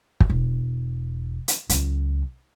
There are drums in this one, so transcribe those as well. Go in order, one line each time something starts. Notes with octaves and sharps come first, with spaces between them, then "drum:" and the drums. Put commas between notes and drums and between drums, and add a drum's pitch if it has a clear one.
drum: kick
E1
drum: hi-hat
C#2 F#3, drum: hi-hat